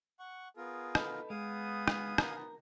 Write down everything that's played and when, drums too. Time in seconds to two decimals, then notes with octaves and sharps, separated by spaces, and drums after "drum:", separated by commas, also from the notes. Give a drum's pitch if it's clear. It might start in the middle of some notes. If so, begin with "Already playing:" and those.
0.19 F#5 C#6
0.57 B3 F4 G#4 A#4
0.95 A4 B4 D#5, drum: rim click
1.30 G#3 B3 F5 G#5 D#6
1.88 drum: rim click
2.18 A#4, drum: rim click